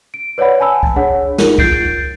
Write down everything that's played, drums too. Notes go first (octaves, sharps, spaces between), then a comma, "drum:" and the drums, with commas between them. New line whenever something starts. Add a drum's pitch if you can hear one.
D7
B4 C#5 D5 F#5 B5
G#5 A5 B5 E6
drum: kick C#2
D4 G#4 C#5 F#5
D#4 F4 G#4 A#4, drum: snare
G6 A6 C7 D7, drum: kick C#2